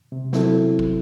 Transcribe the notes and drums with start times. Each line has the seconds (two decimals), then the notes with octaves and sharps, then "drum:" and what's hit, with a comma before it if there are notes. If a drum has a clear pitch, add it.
0.12 C3
0.33 F#3 C4 E4 A4, drum: snare
0.79 drum: kick